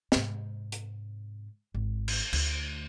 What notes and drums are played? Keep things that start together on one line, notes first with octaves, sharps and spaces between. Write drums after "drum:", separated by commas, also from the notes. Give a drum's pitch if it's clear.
G#2 C3, drum: snare
drum: hi-hat
G#1
drum: cymbal
D2, drum: cymbal